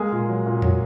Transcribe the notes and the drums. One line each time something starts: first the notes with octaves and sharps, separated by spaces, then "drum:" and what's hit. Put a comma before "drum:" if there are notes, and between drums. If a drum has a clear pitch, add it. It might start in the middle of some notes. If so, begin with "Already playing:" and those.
Already playing: G#3 A#3 G#4
A#2
F#3
A#2
F#3, drum: tom E2